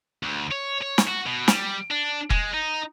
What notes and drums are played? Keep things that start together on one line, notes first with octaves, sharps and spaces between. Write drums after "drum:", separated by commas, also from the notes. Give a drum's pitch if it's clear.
D2
C#5
C#5
drum: snare
F#4
B2
G3, drum: snare
D4
G#3, drum: kick F1
D#4